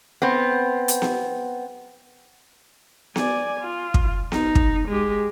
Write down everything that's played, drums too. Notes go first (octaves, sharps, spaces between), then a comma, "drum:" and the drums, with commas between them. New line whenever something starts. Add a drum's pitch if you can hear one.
B3 C4
drum: hi-hat
drum: snare B3
D5 G#5, drum: snare B3
F4
drum: kick
D#4, drum: snare B3
drum: kick
G#3 G4